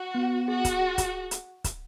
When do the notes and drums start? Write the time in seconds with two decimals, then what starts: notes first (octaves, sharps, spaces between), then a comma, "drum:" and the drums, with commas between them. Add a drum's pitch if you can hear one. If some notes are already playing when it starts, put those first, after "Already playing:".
Already playing: F#4
0.15 B3
0.48 F#4 G#4
0.65 drum: kick, hi-hat
0.81 G#4
0.98 drum: kick, hi-hat
1.31 drum: hi-hat
1.64 drum: kick, hi-hat